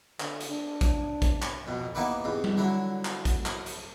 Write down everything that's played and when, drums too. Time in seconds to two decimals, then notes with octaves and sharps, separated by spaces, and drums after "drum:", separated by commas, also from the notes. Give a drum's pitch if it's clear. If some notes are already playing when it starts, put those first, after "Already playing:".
0.20 D3, drum: clap
0.40 drum: hi-hat
0.50 D4
0.81 drum: kick, hi-hat
1.22 drum: kick, hi-hat
1.42 drum: clap
1.67 F2 B2
1.95 A#3 B3 D#4 E4 G4 B4
2.24 E2 G#2 C3
2.44 drum: tom G3
2.57 D3 F#3 E4
3.05 drum: clap
3.25 drum: kick, hi-hat
3.46 drum: clap
3.66 drum: hi-hat